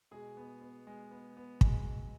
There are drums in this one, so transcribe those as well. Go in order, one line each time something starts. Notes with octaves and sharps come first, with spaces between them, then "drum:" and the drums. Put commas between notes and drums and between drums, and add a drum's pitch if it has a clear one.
B2 G#3 G#4
B3
B3
G#3
B3
B3
B2 F#3 G#3, drum: kick